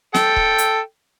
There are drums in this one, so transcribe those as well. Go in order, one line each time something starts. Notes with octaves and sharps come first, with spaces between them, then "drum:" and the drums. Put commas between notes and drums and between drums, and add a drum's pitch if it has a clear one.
A4 G5, drum: snare
drum: kick C#1
drum: hi-hat